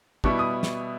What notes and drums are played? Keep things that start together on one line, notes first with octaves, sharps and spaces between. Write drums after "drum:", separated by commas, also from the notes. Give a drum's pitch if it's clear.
B2 G3 B3 E4 C#6, drum: kick
D#6
drum: snare